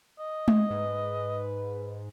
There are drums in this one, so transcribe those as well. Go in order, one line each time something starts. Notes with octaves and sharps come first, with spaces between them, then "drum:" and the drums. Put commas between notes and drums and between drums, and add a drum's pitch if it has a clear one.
D#5
drum: tom G#3
G#2 B4